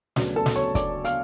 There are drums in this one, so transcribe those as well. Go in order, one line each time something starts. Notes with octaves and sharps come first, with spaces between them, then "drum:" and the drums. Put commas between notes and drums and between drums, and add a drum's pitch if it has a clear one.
D2 C#3 F#3 B3 D4, drum: snare
A4 A5
drum: snare
C#5 C#6
D5 D6, drum: kick, hi-hat
F5 F6, drum: hi-hat